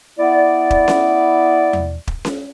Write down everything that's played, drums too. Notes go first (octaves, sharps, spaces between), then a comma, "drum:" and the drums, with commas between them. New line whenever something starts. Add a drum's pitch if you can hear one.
B3 E4 D5
drum: kick
drum: snare C#4
drum: tom E2
drum: kick
drum: snare C#4